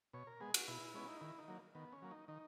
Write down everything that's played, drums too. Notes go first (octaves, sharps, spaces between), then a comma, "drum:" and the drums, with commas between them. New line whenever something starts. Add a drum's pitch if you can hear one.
B2 C#5
A#4
G#3 B3 G#4
F#4, drum: cymbal
B2 E4
G#3 B3 C#4
D#4
D#3 E4
D#4
F#3 A#3
D#3 B3
C#4
F#3 A#3
D#4
D#3 D#4